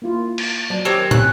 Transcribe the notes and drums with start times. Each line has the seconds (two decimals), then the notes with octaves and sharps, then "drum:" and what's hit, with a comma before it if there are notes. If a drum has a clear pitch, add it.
0.02 A#3 E4 F4
0.38 drum: cymbal
0.70 F#3 D4
0.85 D#3 C4 G4 C#5
1.11 C3 C#4 F#6, drum: tom